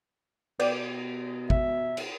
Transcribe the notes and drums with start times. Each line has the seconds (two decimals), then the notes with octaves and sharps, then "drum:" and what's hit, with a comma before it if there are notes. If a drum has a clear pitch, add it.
0.59 B2 B3 D5 G5, drum: cymbal
1.50 E5, drum: kick
1.97 drum: cymbal